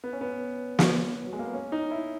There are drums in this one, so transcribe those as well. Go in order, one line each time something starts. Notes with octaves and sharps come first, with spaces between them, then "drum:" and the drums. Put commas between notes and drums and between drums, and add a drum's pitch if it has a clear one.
B3
C#4
B3
drum: snare
F#3
G#3
A#3
B3
C#4
D#4
E4